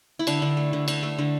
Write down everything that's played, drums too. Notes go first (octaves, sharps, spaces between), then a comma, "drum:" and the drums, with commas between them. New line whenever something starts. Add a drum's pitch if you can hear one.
E4
D3 D4, drum: cymbal
D3
A3
D3
D3, drum: cymbal
A3
D3